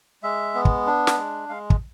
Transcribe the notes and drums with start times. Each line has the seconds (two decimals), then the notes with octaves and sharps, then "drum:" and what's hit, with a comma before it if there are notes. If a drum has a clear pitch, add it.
0.23 G#3 E5
0.55 B3
0.65 drum: kick
0.86 D4
1.07 drum: snare
1.17 G#3
1.49 G#3 F5
1.70 drum: kick